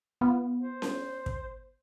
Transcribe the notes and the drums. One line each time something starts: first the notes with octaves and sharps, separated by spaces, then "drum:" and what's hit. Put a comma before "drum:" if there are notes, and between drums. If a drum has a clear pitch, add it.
B3 F4
C5
drum: snare C#4
drum: kick